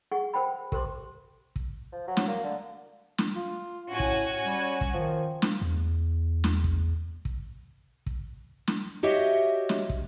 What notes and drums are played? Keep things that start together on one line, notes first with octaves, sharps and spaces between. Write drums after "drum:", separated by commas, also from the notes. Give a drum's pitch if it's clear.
G#4 F#5 C#6
A#4 C5 G5 B5
G4 A#4 C5 C6 D6, drum: kick
drum: kick
F3
F#3
drum: snare
A#3
D3
drum: snare
F4
A2 C#4 F#4 G#5
drum: kick
G3
drum: kick
D#3 F3
drum: snare
E2
drum: snare
drum: kick
drum: kick
drum: kick
drum: snare
F#4 G4 C#5 D#5 E5
drum: snare
drum: kick